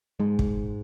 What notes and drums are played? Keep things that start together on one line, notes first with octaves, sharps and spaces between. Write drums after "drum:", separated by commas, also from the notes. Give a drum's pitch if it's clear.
G#2 G#3
drum: kick